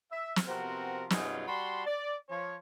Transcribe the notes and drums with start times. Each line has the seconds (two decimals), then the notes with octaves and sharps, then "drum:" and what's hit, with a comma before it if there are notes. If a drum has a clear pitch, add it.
0.11 E5
0.36 drum: snare
0.47 C3 F3 B3 C4 F#4 A#4
1.10 F#2 B2 G3 D#4 F4 G#4, drum: snare
1.47 G3 F#4 A5 B5 C6
1.86 D5
2.29 F3 C#5